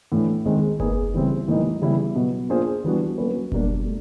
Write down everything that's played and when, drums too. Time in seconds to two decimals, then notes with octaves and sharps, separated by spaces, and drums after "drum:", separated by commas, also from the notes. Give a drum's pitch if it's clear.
0.12 A2 E3 A3 D4
0.46 D#3 G#3 C4 D#4 G#4
0.80 A#3 D#4 G#4 B4, drum: kick F#1
1.14 C#3 E3 G3 C4 E4
1.48 A2 E3 G3 A#3 D#4
1.81 C#3 E3 G3 B3 E4
2.15 B2 F#3 B3
2.49 A#3 D4 F4 G#4 C5
2.84 E3 G3 B3 D4 F#4
3.18 F#3 A#3 C#4 F#4 B4
3.52 B2 G3 A#3 D4, drum: kick F#1
3.86 A3